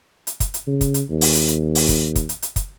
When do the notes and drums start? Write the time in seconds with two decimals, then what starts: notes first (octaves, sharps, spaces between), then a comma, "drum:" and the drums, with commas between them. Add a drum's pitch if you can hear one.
0.27 drum: hi-hat
0.40 drum: kick, hi-hat
0.54 drum: hi-hat
0.67 C#3
0.81 drum: kick, hi-hat
0.94 drum: hi-hat
1.10 D#2
1.21 drum: open hi-hat
1.35 drum: hi-hat
1.48 drum: hi-hat
1.75 drum: open hi-hat
1.89 drum: kick, hi-hat
2.15 drum: kick, hi-hat
2.29 drum: hi-hat
2.42 drum: hi-hat
2.56 drum: kick, hi-hat